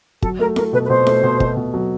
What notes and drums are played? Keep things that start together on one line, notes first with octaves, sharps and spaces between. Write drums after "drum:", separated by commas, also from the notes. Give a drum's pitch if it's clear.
F#3 A4, drum: kick
A3 A#4
A3 A#4, drum: snare E4
B2 B4
B4
B2 C5
A3, drum: snare E4
B2
B2, drum: kick
B2
F#3